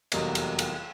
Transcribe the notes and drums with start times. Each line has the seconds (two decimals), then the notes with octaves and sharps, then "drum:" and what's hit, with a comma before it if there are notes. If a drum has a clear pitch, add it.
0.12 F1 E2 F#3 G3 A#3 D#5, drum: cymbal
0.35 drum: cymbal
0.59 drum: cymbal